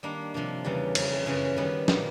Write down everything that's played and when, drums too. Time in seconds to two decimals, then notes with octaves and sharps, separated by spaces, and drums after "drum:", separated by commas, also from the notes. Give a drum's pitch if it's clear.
0.03 D#3 G3 A#3 D4
0.34 C3 F3 A#3 D4
0.64 E2 C#3 E3 G3
0.95 F2 C#3 E3, drum: cymbal
1.26 F#2 C#3 E3
1.57 D#3 G3 B3
1.88 A#2 G3 A#3, drum: snare